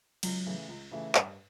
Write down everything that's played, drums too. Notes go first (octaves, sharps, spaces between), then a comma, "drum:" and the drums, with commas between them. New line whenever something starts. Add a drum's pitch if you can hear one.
C#2 F#3, drum: cymbal
C#3 E3 A3
C#2
C#3 E3 A3
G2, drum: clap